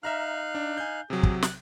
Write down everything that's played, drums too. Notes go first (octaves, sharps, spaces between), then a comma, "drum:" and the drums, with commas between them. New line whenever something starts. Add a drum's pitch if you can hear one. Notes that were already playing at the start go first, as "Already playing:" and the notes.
D#4 E5 F5 A#5 F6 F#6
D4
G#5 G6
C3 F#3 G#4
drum: kick
F#6, drum: snare